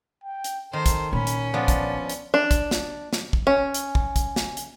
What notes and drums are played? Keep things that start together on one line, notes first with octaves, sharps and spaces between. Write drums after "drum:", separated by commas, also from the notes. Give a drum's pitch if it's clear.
G5
drum: hi-hat
D#3 A4 C5
drum: kick, hi-hat
A#2 C#4 B5
drum: hi-hat
F3 B3 D4 D5
drum: kick, hi-hat
drum: hi-hat
D4
drum: kick, hi-hat
drum: snare
drum: snare
drum: kick
C#4
drum: hi-hat
drum: kick
drum: kick, hi-hat
drum: snare
drum: hi-hat